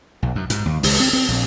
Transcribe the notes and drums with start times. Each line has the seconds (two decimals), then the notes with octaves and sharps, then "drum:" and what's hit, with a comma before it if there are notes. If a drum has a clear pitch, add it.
0.23 B1
0.35 F#2
0.50 G#2, drum: hi-hat
0.66 D#2
0.83 C#2, drum: open hi-hat
1.00 C4
1.13 C4
1.28 A#1